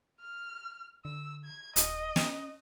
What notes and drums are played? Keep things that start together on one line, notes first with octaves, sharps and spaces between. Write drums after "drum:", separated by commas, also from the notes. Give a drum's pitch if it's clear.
F6
D3 E6
G#6
D#1 D#5, drum: hi-hat
C#4, drum: snare